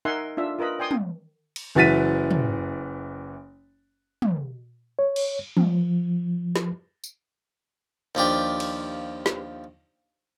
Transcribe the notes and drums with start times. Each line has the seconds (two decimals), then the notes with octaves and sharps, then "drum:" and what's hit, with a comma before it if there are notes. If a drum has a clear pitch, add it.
0.05 D#4 A#4 E5 F#5 G#5 C6
0.37 D4 F4 E5
0.59 F4 A#4 B4 D#5 B5
0.79 D5 G5 G#5 C6 D#6
0.91 drum: tom
1.56 drum: cymbal
1.75 F#1 E3 F#4 A6 B6 D#7
2.30 drum: tom
4.22 drum: tom
4.99 C#5
5.16 drum: cymbal
5.57 F3, drum: tom
6.56 drum: snare
7.04 drum: tambourine
8.15 D#2 F3 D4 G4
8.60 drum: cymbal
9.26 drum: snare